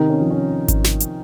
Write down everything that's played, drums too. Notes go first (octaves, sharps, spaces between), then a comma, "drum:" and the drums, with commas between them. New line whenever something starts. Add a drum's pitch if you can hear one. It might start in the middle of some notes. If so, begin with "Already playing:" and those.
Already playing: C3 D#3 D#4
C#4
F3
C#4
drum: kick G#1, hi-hat
drum: snare
drum: hi-hat